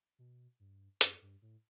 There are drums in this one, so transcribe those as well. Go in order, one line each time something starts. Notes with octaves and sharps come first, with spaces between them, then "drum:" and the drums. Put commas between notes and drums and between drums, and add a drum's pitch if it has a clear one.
B2
G2
F#2, drum: hi-hat
G2
A2